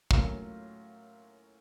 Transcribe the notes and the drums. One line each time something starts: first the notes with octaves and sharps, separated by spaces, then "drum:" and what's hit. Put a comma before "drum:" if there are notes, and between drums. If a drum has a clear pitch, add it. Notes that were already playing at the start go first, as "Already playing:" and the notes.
A2 F#3 A#3 C#4 F4, drum: kick